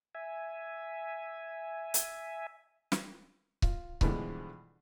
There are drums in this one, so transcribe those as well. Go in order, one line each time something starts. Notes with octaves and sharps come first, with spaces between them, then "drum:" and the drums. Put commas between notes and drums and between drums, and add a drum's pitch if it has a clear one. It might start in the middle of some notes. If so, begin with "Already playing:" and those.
E5 G#5
drum: hi-hat
drum: snare
F4, drum: kick C#1
G2 B2 D3 E3 F3 G#3, drum: kick C#1